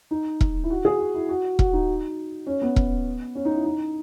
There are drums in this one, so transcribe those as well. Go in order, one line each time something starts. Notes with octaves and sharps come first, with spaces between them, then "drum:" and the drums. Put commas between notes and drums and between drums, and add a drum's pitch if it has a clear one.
D#4
drum: kick E1
E4
F#4
G#4
F#4
E4
F#4
F#4, drum: kick E1
D#4
C#4
B3
drum: kick E1
C#4
D#4
E4
D#4